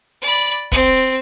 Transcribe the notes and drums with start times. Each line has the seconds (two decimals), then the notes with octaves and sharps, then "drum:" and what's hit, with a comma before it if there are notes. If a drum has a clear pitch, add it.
0.21 D5 B5
0.72 C4, drum: kick